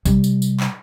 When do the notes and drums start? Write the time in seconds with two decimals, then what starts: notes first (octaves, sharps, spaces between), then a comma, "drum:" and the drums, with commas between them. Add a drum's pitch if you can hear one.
0.05 C3 G3, drum: kick A1, tambourine
0.24 drum: tambourine
0.42 drum: tambourine
0.60 drum: clap